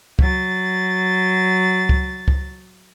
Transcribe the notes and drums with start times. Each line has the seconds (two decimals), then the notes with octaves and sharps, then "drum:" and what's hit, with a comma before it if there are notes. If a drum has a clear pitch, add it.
0.19 F#3 A6, drum: kick C#2
1.89 drum: kick C#2
2.28 drum: kick C#2